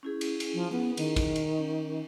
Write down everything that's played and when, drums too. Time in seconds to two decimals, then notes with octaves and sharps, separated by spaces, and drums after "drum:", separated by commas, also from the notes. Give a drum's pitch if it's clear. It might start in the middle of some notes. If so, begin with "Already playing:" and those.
0.03 C#4 E4 G#4
0.21 drum: cymbal
0.40 drum: cymbal
0.54 F3
0.72 B3
0.97 D#3, drum: cymbal
1.16 drum: kick, cymbal
1.36 drum: cymbal
1.57 C#4